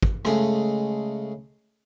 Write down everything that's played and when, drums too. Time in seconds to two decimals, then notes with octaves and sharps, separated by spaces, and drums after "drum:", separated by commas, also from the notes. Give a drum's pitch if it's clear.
0.03 drum: kick
0.25 C#3 G#3 A3, drum: rim click